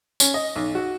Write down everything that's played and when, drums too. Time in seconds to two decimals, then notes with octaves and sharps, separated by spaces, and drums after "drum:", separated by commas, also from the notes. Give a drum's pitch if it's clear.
0.20 C#4, drum: tambourine
0.34 D#5
0.56 B1
0.75 F#4